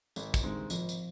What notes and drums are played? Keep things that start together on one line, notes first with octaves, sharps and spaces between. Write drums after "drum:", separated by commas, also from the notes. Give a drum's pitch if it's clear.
G#1, drum: tambourine
drum: kick, tambourine
G2 D#3 G#3 C4
G#1 F3, drum: tambourine
drum: tambourine